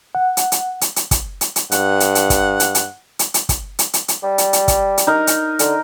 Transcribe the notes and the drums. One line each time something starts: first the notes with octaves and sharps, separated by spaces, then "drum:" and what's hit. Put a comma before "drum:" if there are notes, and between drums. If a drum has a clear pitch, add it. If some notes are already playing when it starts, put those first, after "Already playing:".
F#5
drum: hi-hat
drum: hi-hat
drum: hi-hat
drum: hi-hat
drum: kick, hi-hat
drum: hi-hat
drum: hi-hat
G2 F#5, drum: hi-hat
drum: hi-hat
drum: hi-hat
drum: kick, hi-hat
drum: hi-hat
drum: hi-hat
drum: hi-hat
drum: hi-hat
drum: kick, hi-hat
drum: hi-hat
drum: hi-hat
drum: hi-hat
G3
drum: hi-hat
drum: hi-hat
drum: kick, hi-hat
drum: hi-hat
D#4 A#4
drum: hi-hat
D3, drum: hi-hat